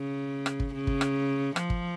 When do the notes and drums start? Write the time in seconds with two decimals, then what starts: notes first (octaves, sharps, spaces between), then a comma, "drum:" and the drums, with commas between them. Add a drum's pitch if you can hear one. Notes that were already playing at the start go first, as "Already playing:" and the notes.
Already playing: C#3
0.46 drum: rim click
0.60 drum: kick
0.74 C#3
0.87 drum: kick
1.01 drum: rim click
1.56 F3, drum: rim click
1.70 drum: kick